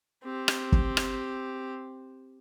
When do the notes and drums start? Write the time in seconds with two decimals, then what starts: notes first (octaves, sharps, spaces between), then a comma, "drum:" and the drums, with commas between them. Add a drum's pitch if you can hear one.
0.23 C4 G4
0.48 drum: rim click
0.72 drum: kick
0.97 drum: rim click